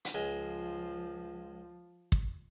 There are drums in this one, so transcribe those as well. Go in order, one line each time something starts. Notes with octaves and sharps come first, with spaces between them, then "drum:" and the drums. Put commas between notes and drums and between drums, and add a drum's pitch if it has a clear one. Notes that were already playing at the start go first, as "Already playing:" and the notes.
drum: hi-hat
C#2 F3 G#3
drum: kick